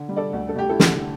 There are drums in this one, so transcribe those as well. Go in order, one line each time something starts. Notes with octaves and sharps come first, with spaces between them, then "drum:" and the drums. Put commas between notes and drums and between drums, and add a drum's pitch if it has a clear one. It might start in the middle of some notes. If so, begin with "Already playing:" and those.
Already playing: D3
G3
A4 D5
D2
A4
D2 G4
E4 A4
D3, drum: snare